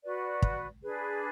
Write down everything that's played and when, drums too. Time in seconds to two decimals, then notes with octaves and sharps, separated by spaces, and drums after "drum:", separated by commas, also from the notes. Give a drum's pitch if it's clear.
0.03 F#4 B4 D5
0.42 drum: kick
0.82 D4 G#4 B4